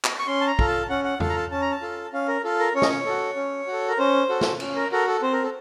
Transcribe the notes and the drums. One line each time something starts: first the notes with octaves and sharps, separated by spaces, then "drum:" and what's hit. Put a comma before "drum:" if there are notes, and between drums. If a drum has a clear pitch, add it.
drum: clap
C#6
C#4 C6
A5
A#5
F4 A4, drum: kick
A5
C#4 F#5
F#5
F4 A4 F5, drum: tom E2
A#5
A5
C#4 A5
A#5
A5
F4 A4
C#4 F5
A#4
F4 A4
A#4
C#4 C#5
D#5, drum: snare
C#5
F#4 A4
C#4
F#4
A4
A#4
C#4 C5
F#4 A4
drum: snare
C#4, drum: cymbal
A#4
F#4 A4 A#4
A4
C4 C5
A#4
A4